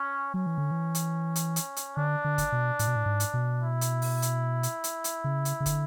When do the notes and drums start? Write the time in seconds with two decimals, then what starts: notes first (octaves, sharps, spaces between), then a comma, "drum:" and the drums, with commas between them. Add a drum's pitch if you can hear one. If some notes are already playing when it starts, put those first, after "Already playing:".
Already playing: C#4
0.34 F#3 C#4
0.46 E3
0.58 D3
0.71 E3
0.95 drum: hi-hat
1.36 drum: hi-hat
1.56 drum: hi-hat
1.77 drum: hi-hat
1.97 D3 D4
2.24 D3
2.38 drum: kick, hi-hat
2.52 B2
2.79 A2, drum: hi-hat
2.87 B2
2.96 A2
3.06 G#2
3.20 drum: hi-hat
3.34 B2
3.60 E4
3.81 drum: hi-hat
4.02 drum: open hi-hat
4.22 drum: hi-hat
4.63 drum: hi-hat
4.84 drum: hi-hat
5.04 drum: hi-hat
5.24 C#3
5.45 drum: hi-hat
5.60 C#3
5.66 D3, drum: kick, hi-hat